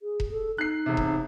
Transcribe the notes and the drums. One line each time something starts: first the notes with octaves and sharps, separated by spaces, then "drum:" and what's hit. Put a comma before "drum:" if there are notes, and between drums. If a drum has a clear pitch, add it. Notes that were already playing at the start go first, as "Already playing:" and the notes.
G#4
drum: kick E1
A4
D#4 F#6 C7
E1 C3
drum: kick E1